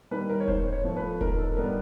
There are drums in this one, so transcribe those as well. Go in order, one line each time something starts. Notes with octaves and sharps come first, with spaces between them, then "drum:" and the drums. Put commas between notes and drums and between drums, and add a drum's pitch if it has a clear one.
D#3 G3 A#3 B4
A#4
C#5
G#2 C5, drum: kick E1
C#5
F3 A3
B4
G#2 A#4, drum: kick E1
A4
D#3 G3 B3 D4 A#4